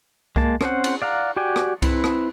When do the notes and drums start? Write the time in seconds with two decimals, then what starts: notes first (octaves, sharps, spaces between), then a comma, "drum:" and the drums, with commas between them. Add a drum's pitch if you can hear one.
0.36 G#3 A#3 A5, drum: kick C2
0.61 C4 C#4 C5 F#5, drum: rim click
0.84 drum: cymbal
1.02 D5 F5 F#5 A#5
1.36 F#4 G4 D5 G5 G#5
1.56 drum: rim click
1.82 C4 E4 B4, drum: kick C2, cymbal
2.04 drum: rim click